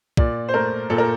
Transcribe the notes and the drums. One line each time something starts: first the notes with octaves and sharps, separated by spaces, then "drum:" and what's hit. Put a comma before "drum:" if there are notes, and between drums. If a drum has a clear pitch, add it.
A#2 D5, drum: kick
C5
A3 A#4
A#2 A4
A#4